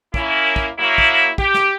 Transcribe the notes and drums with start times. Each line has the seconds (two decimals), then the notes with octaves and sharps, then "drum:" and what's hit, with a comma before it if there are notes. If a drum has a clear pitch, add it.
0.14 A#3 C#4 E4, drum: kick
0.56 drum: kick
0.79 F#3 A#3 E4
0.98 drum: kick
1.38 G4, drum: kick
1.54 drum: snare